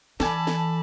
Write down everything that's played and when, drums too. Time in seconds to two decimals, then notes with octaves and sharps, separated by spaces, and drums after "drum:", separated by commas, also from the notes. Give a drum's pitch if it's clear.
0.20 E3 A4 D5 G#5 A5 B5, drum: snare
0.47 drum: snare